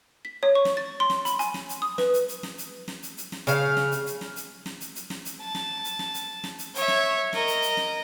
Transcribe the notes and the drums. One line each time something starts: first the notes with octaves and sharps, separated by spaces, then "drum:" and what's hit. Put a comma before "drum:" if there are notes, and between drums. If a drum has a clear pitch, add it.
B6
C#5
C#6
drum: snare
A6
C6
drum: snare
B5, drum: hi-hat
G#5, drum: hi-hat
drum: snare
drum: hi-hat
D#6
B4, drum: snare
drum: hi-hat
drum: hi-hat
drum: snare
drum: hi-hat
drum: snare
drum: hi-hat
drum: hi-hat
drum: snare
C#3 F5, drum: hi-hat
drum: snare
drum: hi-hat
drum: hi-hat
drum: snare
drum: hi-hat
drum: snare
drum: hi-hat
drum: hi-hat
drum: snare
drum: hi-hat
A5
drum: snare
drum: hi-hat
drum: snare
drum: hi-hat
drum: snare
drum: hi-hat
C#5 E5, drum: hi-hat
drum: snare
A#4 D#5, drum: snare
drum: hi-hat
drum: hi-hat
drum: snare